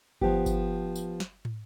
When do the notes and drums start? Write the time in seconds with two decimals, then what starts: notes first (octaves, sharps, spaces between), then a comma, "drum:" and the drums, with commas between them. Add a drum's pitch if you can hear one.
0.21 F3 B3 G4, drum: kick G1
0.46 drum: kick G1, tambourine
0.96 drum: tambourine
1.20 drum: snare
1.45 drum: tom